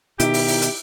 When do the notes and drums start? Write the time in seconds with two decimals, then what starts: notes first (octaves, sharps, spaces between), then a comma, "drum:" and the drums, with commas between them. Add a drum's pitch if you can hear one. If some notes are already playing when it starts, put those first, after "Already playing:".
0.20 B2 D#3 D#4 E4 G4, drum: hi-hat
0.34 drum: open hi-hat
0.48 drum: open hi-hat
0.62 drum: hi-hat